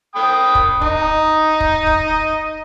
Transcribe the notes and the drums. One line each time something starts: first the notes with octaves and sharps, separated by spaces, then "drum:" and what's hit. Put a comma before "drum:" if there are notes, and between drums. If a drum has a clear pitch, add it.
G5 B5 D#6
drum: kick
D#4 D#5, drum: kick
drum: kick
drum: kick